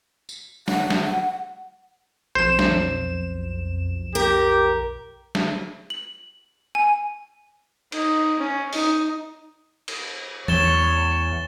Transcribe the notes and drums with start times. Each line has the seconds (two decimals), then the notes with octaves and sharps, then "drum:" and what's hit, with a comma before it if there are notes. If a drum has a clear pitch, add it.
0.29 drum: tambourine
0.68 F#5, drum: snare
0.90 drum: snare
2.35 B1 F2 C5 E7
2.59 drum: snare
4.15 G4 A#4
5.35 drum: snare
5.90 F#7
6.75 G#5
7.92 D#4, drum: cymbal
8.39 C#4
8.73 D#4, drum: open hi-hat
9.88 drum: cymbal
10.48 E2 C#5 A6 E7 G7, drum: tom E3